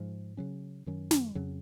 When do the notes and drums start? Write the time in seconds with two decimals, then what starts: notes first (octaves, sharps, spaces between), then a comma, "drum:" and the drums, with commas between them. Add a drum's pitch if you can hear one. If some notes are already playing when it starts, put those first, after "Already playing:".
Already playing: G#2 F3 G#3
0.37 C#3 F#3 C#4
0.86 F#2 D#3 F#3 C#4
1.11 drum: snare
1.35 F2 C#3 F#3 C#4